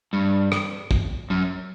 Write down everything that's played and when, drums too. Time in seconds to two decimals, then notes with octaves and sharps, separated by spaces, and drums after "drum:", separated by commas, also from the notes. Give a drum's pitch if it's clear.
0.13 G2
0.52 drum: rim click
0.91 drum: kick
1.30 F#2